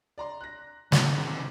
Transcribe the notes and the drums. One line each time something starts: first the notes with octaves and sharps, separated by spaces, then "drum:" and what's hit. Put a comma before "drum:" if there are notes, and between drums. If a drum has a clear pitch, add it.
D5 A#5 C6
F#6 A#6
C3 D#3 B5 G#6, drum: snare